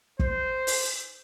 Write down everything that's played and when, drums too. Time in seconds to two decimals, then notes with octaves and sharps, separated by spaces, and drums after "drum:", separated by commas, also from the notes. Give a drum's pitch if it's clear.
0.19 C5, drum: kick
0.67 drum: open hi-hat